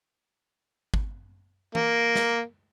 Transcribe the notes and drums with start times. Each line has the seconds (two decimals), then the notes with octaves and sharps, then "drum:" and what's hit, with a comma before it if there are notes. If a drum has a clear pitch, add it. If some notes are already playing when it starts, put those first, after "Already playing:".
0.94 drum: kick
1.75 A#3, drum: tom E3
2.15 drum: snare